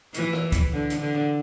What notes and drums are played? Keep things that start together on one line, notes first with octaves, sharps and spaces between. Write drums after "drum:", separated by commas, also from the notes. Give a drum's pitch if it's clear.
E3, drum: hi-hat
drum: rim click
drum: kick, hi-hat
D3
drum: hi-hat
D3